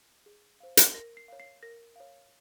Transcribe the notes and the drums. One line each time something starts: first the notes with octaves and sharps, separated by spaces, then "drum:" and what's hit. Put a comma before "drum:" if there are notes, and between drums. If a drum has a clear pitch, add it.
G#4
C5 F5
drum: hi-hat
A#4 A#6
C7
C#5 F5
C7
A#4 A#6
C#5 F5